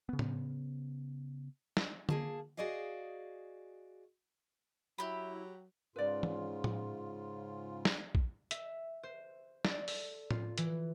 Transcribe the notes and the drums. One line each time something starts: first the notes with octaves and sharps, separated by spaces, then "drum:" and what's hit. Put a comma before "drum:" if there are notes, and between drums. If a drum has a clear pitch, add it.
C#3 B3
drum: tom A2
drum: snare
A#3 G#4 A5, drum: tom D3
F#4 G#4 D5 D#5 F5
F#3 E4 G4 B5
G#2 C#3 F4 B4 D5
drum: tom
drum: tom A2
drum: snare
drum: kick A#1
E5, drum: hi-hat
C5
D5, drum: snare
A4, drum: open hi-hat
F4, drum: tom A2
E3, drum: hi-hat